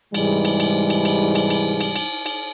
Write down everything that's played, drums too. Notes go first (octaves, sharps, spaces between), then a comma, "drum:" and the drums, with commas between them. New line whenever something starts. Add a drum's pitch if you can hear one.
G#2 C3 E3 G3 G#3, drum: cymbal
drum: cymbal
drum: cymbal
drum: cymbal
drum: cymbal
drum: cymbal
drum: cymbal
drum: cymbal
drum: cymbal
drum: cymbal